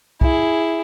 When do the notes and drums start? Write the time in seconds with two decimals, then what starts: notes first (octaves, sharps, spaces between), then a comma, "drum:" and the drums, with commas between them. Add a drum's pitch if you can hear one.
0.21 E4 G#4, drum: kick